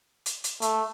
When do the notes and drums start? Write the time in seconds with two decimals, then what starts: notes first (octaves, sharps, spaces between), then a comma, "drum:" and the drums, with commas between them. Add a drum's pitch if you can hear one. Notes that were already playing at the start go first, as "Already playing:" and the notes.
0.26 drum: hi-hat
0.44 drum: hi-hat
0.62 A3, drum: hi-hat